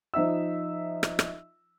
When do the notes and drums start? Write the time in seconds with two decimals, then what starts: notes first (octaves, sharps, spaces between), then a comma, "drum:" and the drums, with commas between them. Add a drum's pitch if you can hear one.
0.14 F3 D#4 E5 E6
1.03 drum: rim click
1.19 drum: rim click